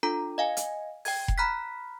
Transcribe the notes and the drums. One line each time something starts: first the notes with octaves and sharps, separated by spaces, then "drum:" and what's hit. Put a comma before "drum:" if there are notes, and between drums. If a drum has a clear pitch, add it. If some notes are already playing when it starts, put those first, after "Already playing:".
D4 F4 A4 A#5
D#5 F5 G#5
drum: hi-hat
G5 G#6, drum: open hi-hat
drum: kick F1
A#5 B5 F6 F#6 B6